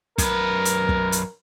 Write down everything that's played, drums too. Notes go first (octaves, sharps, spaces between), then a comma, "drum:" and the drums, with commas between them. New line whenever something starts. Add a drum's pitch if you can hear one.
F#2 A#4 B4, drum: kick, hi-hat
drum: hi-hat
drum: kick
drum: hi-hat